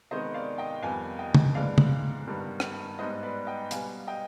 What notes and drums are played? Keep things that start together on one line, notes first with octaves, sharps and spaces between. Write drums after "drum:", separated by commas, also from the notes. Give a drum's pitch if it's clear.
C3 D#3 G#3 B3 C5 D#5
D5 F5
D#5 G5
F2 D#3 G3 B3 F5 G#5
D#5 G5
drum: tom
G#2 F3 G#3 B3 D5 F5
drum: tom
G2 D#3 G3 B3
drum: rim click
G#2 G3 B3 C5 D#5
B4 D5
D#5 G5
B2 G3 B3 F5 G#5, drum: hi-hat
D#5 G5